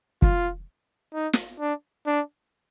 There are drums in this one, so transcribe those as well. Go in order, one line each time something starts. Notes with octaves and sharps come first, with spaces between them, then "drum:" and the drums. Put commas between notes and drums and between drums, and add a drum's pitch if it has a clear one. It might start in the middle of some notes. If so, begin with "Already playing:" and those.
F4, drum: kick
D#4
drum: snare
D4
D4